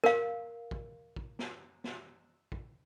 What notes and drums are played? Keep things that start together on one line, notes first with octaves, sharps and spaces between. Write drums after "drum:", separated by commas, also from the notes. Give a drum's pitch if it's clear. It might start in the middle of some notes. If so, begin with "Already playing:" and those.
A#4 F5, drum: snare
drum: kick
drum: kick
drum: snare
drum: snare
drum: kick